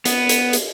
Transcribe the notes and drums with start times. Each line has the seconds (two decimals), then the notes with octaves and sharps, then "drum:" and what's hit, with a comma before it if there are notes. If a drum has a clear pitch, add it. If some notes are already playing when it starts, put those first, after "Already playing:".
0.05 B3, drum: hi-hat
0.29 drum: hi-hat
0.53 drum: hi-hat